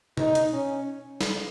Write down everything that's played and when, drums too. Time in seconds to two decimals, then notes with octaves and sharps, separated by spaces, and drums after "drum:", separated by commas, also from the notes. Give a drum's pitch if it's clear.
0.17 D#4, drum: tom B2
0.35 drum: hi-hat
0.53 C#4
1.21 drum: snare